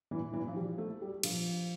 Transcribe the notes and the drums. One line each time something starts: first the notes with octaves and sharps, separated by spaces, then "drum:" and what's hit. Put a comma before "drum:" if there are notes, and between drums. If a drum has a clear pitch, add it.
E3
E3
F3
G3
A3
G3
F3, drum: cymbal